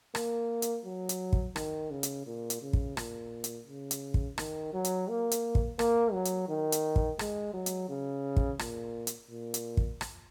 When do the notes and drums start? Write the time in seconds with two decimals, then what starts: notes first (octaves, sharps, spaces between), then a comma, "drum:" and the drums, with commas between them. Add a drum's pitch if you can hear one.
0.15 A#3, drum: rim click
0.62 drum: hi-hat
0.85 F#3
1.09 drum: hi-hat
1.33 drum: kick
1.56 D#3, drum: rim click
1.91 C#3
2.03 drum: hi-hat
2.27 A#2
2.50 drum: hi-hat
2.62 C#3
2.73 drum: kick
2.97 A#2, drum: rim click
3.44 drum: hi-hat
3.67 C#3
3.91 drum: hi-hat
4.14 drum: kick
4.38 D#3, drum: rim click
4.73 F#3
4.85 drum: hi-hat
5.08 A#3
5.31 drum: hi-hat
5.55 drum: kick
5.79 A#3, drum: rim click
6.13 F#3
6.25 drum: hi-hat
6.49 D#3
6.72 drum: hi-hat
6.96 drum: kick
7.19 G#3, drum: rim click
7.54 F#3
7.66 drum: hi-hat
7.89 C#3
8.37 drum: kick
8.59 A#2, drum: rim click
9.07 drum: hi-hat
9.30 A#2
9.54 drum: hi-hat
9.77 drum: kick
10.01 drum: rim click